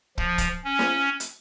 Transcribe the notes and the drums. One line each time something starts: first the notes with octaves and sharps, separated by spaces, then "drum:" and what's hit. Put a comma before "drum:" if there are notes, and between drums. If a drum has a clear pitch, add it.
F3, drum: kick
drum: kick, hi-hat
C#4
drum: snare
drum: hi-hat